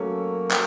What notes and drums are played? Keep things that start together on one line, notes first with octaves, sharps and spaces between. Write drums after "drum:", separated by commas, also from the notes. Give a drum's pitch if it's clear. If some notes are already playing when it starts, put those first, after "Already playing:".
Already playing: F#3 A3 A#3 C#4 A4 C#5
F#3, drum: clap